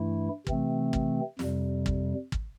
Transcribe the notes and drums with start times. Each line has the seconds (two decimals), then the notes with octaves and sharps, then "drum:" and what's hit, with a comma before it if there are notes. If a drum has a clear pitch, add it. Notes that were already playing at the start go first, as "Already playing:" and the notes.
Already playing: G2 E3 A3 E4
0.47 C3 E3 A3 C4, drum: kick
0.93 drum: kick
1.39 F2 C3 G3, drum: snare
1.86 drum: kick
2.32 drum: kick